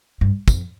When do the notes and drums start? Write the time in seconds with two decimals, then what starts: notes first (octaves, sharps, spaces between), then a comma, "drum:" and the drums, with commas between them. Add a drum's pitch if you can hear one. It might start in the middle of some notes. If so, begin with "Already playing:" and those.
0.21 G2
0.48 F2, drum: kick, tambourine